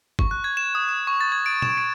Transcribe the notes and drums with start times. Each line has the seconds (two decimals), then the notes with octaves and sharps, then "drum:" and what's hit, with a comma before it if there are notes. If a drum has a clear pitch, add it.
0.19 C#6, drum: kick G1
0.31 F#6
0.44 G#6
0.57 E7
0.75 D#6
0.89 E7
1.07 C#6
1.21 A6
1.32 G#6
1.46 D7
1.62 E7, drum: tom
1.78 D7